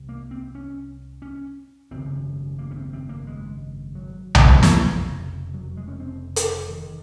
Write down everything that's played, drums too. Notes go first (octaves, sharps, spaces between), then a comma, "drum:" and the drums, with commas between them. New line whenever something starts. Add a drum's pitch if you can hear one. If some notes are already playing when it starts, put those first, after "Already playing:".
Already playing: C2 C3
A#3
C4
C#4
C#4
G#1 F#2 C#3 C4
A#3
C#4
C4
C4
A#3
G#3
F#3
drum: tom B1
F1 F2 C#3 F3, drum: snare
F#3
G#3
C#4
C4
drum: hi-hat
D#3